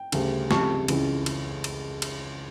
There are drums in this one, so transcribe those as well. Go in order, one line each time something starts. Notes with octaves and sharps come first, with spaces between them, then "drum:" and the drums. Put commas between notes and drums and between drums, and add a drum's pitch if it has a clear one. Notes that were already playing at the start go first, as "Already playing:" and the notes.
Already playing: G5
D2 C#3 G3, drum: cymbal
F1 F2 C#3 G3 A5 C#6, drum: snare
C#2 C#3 E3, drum: cymbal
drum: cymbal
drum: cymbal
drum: cymbal